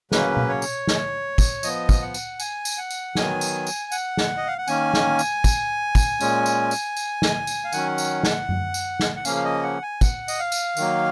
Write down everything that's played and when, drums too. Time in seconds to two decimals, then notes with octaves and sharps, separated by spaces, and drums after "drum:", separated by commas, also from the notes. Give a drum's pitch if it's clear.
0.12 C#3 F#3 A#3 C#4 B4, drum: snare
0.37 drum: tom B2
0.49 C#5
0.62 drum: tambourine
0.87 drum: snare
1.38 drum: kick, tambourine
1.63 F3 B3 D#5, drum: tambourine
1.89 drum: kick, tambourine
2.02 F#5
2.14 drum: tambourine
2.40 G#5, drum: tambourine
2.65 drum: tambourine
2.78 F#5
2.90 drum: tambourine
3.15 D#3 F#3 B3 G#5, drum: snare
3.41 drum: tambourine
3.67 drum: tambourine
3.92 F#5, drum: tambourine
4.17 drum: snare
4.37 D#5
4.47 F5
4.58 F#5
4.68 D#3 A#3 C#4 G#5, drum: tambourine
4.94 drum: snare
5.19 drum: tambourine
5.44 drum: kick, tambourine
5.95 drum: kick, tambourine
6.20 A#2 G#3 C#4, drum: tambourine
6.46 drum: tambourine
6.71 drum: tambourine
6.97 drum: tambourine
7.22 drum: snare
7.47 drum: tambourine
7.64 F5
7.73 D#3 F#3 C#4 F#5, drum: tambourine
7.98 drum: tambourine
8.23 drum: snare
8.49 drum: tom F#2
8.74 drum: tambourine
9.00 drum: snare
9.16 F#5
9.25 C#3 F3 A#3 C#4 F5, drum: tambourine
9.36 F5
9.44 D#5
9.63 F#5
9.82 G#5
10.01 F#5, drum: kick, tambourine
10.28 D#5, drum: tambourine
10.39 F5
10.52 drum: tambourine
10.77 D#3 F#3 A#3, drum: tambourine